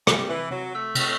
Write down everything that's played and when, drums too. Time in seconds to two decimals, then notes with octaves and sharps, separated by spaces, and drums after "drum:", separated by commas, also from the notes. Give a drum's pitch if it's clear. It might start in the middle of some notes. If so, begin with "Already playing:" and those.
0.07 C3 G3, drum: rim click
0.29 E3
0.51 C3 F#3
0.74 A3
0.95 C3, drum: cymbal